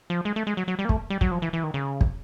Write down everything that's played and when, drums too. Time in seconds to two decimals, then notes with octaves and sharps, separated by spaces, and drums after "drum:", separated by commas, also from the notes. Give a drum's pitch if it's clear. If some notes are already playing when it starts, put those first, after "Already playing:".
0.10 F3
0.25 G#3
0.36 A3
0.47 G#3
0.57 F#3
0.68 F#3
0.79 G3
0.85 A#3
0.89 A3, drum: kick
1.10 G3
1.21 F#3, drum: kick
1.31 F3
1.42 E3
1.53 E3
1.64 D#3
1.74 C#3
2.01 drum: kick